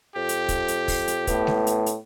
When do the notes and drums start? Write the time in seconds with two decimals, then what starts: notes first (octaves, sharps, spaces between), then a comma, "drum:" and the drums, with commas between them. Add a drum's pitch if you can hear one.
0.16 F2 G4
0.29 drum: hi-hat
0.49 drum: kick, hi-hat
0.68 drum: hi-hat
0.88 drum: kick, open hi-hat
1.08 drum: hi-hat
1.27 A2 B3, drum: kick, hi-hat
1.47 drum: snare G#3
1.67 drum: hi-hat
1.86 drum: hi-hat